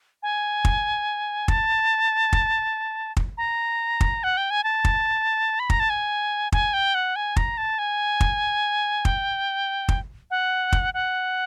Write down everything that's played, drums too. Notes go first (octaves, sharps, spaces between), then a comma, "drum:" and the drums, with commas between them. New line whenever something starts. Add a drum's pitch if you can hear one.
G#5
drum: kick
A5, drum: kick
drum: kick
drum: kick
A#5
drum: kick
F#5
G5
G#5
A5
drum: kick
B5
A#5, drum: kick
A5
G#5
G#5, drum: kick
G5
F#5
G#5
A#5, drum: kick
A5
G#5
drum: kick
G5, drum: kick
drum: kick
F#5
drum: kick
F#5